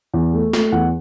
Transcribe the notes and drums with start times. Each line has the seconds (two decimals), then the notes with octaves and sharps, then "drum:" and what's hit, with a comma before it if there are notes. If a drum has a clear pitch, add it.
0.14 E2
0.33 A3
0.53 A3, drum: snare
0.72 E2 F#5